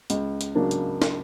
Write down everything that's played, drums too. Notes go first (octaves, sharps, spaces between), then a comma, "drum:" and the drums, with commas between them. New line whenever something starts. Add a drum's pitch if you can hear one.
C#2, drum: hi-hat
drum: hi-hat
C#3 F#3 A#3 D4
drum: hi-hat
drum: snare